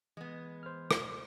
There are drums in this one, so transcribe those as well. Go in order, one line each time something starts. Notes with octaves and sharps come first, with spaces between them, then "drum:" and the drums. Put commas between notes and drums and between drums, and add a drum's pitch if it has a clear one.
E3 G#3 B3
C5 F6
drum: rim click